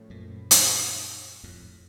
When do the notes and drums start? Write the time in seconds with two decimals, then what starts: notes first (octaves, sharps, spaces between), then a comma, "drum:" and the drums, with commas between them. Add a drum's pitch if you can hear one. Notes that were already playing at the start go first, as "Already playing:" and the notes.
Already playing: A2 F3 A3 C#4
0.10 F#2 A#2
0.51 drum: hi-hat
1.44 F2 A2